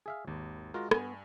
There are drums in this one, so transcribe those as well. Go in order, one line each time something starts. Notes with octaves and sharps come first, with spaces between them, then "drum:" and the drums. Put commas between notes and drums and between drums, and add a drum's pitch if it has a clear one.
G#4 E5 F5
G#1 D#2
G#3 F4 F#4 A#4
G2 B3 G#5, drum: rim click